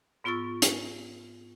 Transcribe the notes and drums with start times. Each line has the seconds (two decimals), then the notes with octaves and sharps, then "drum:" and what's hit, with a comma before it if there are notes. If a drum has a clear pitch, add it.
0.24 G#2 B3 F4 C#6 E6 A6
0.62 drum: hi-hat